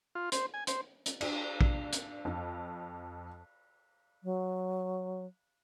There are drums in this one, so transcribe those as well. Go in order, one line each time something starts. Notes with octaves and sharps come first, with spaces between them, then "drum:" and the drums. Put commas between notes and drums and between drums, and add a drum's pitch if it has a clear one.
F4
C5, drum: hi-hat
G#5
C5, drum: hi-hat
drum: hi-hat
D4, drum: cymbal
drum: kick
drum: hi-hat
F2
F#3